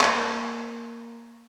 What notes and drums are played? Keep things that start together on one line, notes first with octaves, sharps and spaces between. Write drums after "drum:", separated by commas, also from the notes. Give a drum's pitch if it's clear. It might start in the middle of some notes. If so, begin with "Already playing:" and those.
A#3, drum: clap